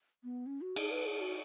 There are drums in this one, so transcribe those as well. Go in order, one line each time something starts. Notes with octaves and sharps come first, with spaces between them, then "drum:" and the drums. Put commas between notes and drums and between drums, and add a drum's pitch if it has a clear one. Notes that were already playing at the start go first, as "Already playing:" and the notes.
B3
C#4
F#4
G#4, drum: cymbal
B4
G#4
F#4